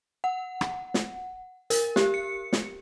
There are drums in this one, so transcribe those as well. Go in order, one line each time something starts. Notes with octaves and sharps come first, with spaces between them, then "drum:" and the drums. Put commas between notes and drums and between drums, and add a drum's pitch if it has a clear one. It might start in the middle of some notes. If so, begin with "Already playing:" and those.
F#5
drum: rim click
drum: snare
A#4, drum: hi-hat
G4, drum: snare
C#7
drum: snare